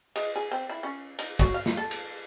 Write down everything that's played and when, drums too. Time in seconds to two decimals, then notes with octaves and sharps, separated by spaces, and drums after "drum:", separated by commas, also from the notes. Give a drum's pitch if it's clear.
0.16 G#3, drum: cymbal
0.36 G#4
0.51 C4
0.69 E4
0.83 C#4
1.19 D#4, drum: cymbal
1.39 F#3, drum: kick, cymbal
1.54 F5
1.66 drum: snare
1.77 A4
1.91 drum: cymbal